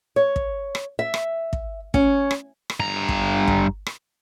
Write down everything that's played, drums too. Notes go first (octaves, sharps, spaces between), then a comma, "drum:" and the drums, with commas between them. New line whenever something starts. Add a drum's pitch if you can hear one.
C#5
drum: kick
drum: rim click
E5
drum: rim click
drum: kick
C#4, drum: kick
drum: rim click
drum: rim click
G2 A#5
drum: kick
drum: kick
drum: rim click